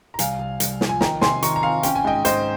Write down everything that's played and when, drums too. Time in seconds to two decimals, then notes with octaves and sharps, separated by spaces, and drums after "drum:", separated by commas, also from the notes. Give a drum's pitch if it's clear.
0.14 A#5
0.19 C2 F5 G#5, drum: hi-hat
0.39 C2
0.60 C2, drum: hi-hat
0.81 F3, drum: snare
0.89 G#5
1.01 D#3 G5 A#5, drum: snare
1.21 C3 G#5 C6, drum: snare
1.43 D#3 A#5 C#6, drum: hi-hat
1.56 A#5
1.63 C4 F5 G#5
1.83 C#4 G5, drum: hi-hat
1.95 G#5
2.04 G#2 D#5 G5
2.25 G#2 C5 D#5, drum: hi-hat